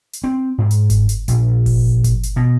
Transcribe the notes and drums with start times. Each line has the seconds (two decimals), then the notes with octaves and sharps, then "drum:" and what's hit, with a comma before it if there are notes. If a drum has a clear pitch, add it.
0.13 drum: hi-hat
0.24 C4
0.58 G#2
0.71 drum: hi-hat
0.90 drum: kick G1, hi-hat
1.09 drum: hi-hat
1.28 A#1, drum: hi-hat
1.66 drum: kick G1, open hi-hat
2.04 drum: kick G1, hi-hat
2.23 drum: hi-hat
2.36 B2